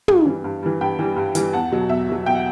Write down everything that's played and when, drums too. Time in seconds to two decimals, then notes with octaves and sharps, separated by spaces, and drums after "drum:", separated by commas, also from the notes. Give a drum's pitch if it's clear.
0.08 G2, drum: tom
0.25 E3 G3
0.44 G2
0.63 E3 G3
0.81 G2 G5 B5
0.99 E3 G3
1.16 G2
1.35 E3 G3, drum: hi-hat
1.53 E2 F#5 A5
1.72 B2 F#3
1.89 E2 E5
2.09 B2 F#3
2.26 E2 G5
2.35 F#5